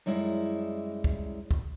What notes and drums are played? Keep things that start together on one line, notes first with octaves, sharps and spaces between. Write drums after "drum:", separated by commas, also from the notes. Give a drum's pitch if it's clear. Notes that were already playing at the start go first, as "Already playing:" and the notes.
F#2 G3 G#3 E4
drum: kick
drum: kick